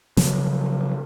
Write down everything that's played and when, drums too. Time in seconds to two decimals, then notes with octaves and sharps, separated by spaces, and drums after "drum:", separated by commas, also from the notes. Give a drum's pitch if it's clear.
0.17 C#3 F3 F#3, drum: snare